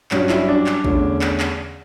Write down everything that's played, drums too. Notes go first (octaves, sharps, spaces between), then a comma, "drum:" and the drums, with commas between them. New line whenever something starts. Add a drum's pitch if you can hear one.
G2 F#3 C#4, drum: clap
E4, drum: clap
D4
drum: clap
E2 D3 A3 C#4, drum: kick A1
drum: clap
drum: clap